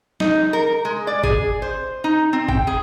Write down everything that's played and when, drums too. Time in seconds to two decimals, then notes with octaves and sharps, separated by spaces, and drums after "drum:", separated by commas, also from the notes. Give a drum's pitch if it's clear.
0.20 D#4, drum: snare
0.53 A#4
0.85 G#3
1.07 D5
1.23 G#4, drum: kick
1.62 C5
2.04 D#4
2.33 C4
2.48 G5, drum: kick
2.67 G#4